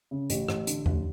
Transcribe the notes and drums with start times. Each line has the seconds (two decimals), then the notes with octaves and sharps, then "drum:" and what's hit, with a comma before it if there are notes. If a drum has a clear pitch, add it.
0.11 C#3
0.30 A1, drum: hi-hat
0.49 A1, drum: rim click
0.67 D3, drum: hi-hat
0.86 A1, drum: tom E2